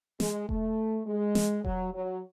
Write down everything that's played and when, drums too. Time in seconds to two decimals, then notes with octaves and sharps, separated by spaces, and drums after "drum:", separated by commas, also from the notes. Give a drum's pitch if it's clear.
0.20 G#3, drum: snare
0.49 A3, drum: kick E1
1.07 G#3
1.35 drum: snare
1.65 F#3, drum: kick E1
1.94 F#3